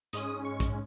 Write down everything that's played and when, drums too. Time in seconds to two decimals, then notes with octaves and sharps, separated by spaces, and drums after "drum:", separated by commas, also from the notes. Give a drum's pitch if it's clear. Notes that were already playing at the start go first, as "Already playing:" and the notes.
0.13 G#2 G#3 C#4 D#6, drum: hi-hat
0.45 C#6
0.60 drum: kick, hi-hat